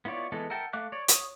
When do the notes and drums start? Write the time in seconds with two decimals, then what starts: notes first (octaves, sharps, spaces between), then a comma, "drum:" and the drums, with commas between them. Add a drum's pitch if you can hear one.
0.05 B3 E4 F4 C#5 D5
0.32 E3 G#3 B3 A4
0.50 A#4 E5 F#5 G5 A5
0.73 A3 E5 F5 D6 F#6
0.92 C#5 D5
1.08 C#5 D#6, drum: hi-hat